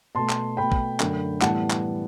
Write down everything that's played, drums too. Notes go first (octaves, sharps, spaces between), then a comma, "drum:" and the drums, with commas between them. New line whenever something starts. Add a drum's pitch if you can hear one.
B2 A3 A5 C6
drum: clap
B2 A3 G5 B5
drum: kick
F#2 D3 A3, drum: clap
A2 E3 G3 B3 F#5 A5, drum: clap
drum: clap